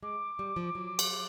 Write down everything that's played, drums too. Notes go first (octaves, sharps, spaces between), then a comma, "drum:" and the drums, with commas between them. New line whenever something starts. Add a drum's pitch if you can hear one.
G#3 D6
G3
F3
F#3
drum: cymbal